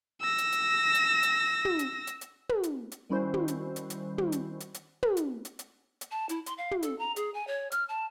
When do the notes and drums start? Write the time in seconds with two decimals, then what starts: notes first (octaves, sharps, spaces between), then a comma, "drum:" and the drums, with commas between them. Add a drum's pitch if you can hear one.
0.22 E6 A#6
0.38 drum: hi-hat
0.52 drum: hi-hat
0.95 drum: hi-hat
1.23 drum: hi-hat
1.65 drum: tom
1.79 drum: hi-hat
2.07 drum: hi-hat
2.21 drum: hi-hat
2.49 drum: tom
2.63 drum: hi-hat
2.92 drum: hi-hat
3.09 D#3 G3 C#4 E4 F#4 C5
3.34 drum: tom
3.48 drum: hi-hat
3.76 drum: hi-hat
3.90 drum: hi-hat
4.18 drum: tom
4.32 drum: hi-hat
4.60 drum: hi-hat
4.74 drum: hi-hat
5.03 drum: tom
5.17 drum: hi-hat
5.45 drum: hi-hat
5.59 drum: hi-hat
6.01 drum: hi-hat
6.11 A5
6.29 E4, drum: hi-hat
6.46 C6, drum: hi-hat
6.58 F5
6.71 drum: tom
6.82 A4, drum: hi-hat
6.99 A#5
7.16 G#4, drum: hi-hat
7.34 G#5
7.47 C#5
7.72 F6, drum: hi-hat
7.89 A5